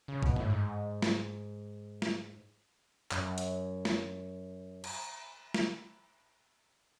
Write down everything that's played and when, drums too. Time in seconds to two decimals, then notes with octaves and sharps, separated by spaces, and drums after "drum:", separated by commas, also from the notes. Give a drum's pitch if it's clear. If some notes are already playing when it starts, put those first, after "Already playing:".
0.08 C#3
0.23 B2, drum: kick B1
0.36 A2, drum: tom G2
0.50 G#2
1.02 drum: snare
2.02 drum: snare
3.11 F#2, drum: clap
3.38 drum: hi-hat
3.85 drum: snare
4.84 drum: cymbal
5.54 drum: snare